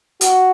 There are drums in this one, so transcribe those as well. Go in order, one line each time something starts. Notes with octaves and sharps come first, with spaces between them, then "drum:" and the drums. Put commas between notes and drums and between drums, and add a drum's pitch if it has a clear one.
F#4, drum: hi-hat